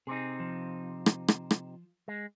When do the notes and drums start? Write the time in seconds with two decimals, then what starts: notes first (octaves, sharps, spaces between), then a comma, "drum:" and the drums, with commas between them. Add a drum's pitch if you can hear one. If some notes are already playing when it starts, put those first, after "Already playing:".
0.07 C3 C4 D#4 G#4
0.40 F3
1.06 drum: rim click
1.28 drum: rim click
1.51 drum: rim click
2.08 G#3